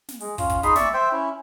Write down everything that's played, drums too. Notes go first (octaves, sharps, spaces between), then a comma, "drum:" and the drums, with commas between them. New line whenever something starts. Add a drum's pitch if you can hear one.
drum: snare
G#3, drum: open hi-hat
C#4 F4, drum: kick, open hi-hat
drum: kick, hi-hat
D#4 G#4 B5 C6, drum: kick, hi-hat
D5 E5 C#6, drum: snare
C5 E5 G5
C#4 E4